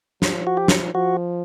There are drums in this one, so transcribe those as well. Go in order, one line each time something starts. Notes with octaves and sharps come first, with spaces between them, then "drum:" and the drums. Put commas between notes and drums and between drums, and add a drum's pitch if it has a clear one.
F3, drum: snare
F#4
G4
drum: snare
F3 F#4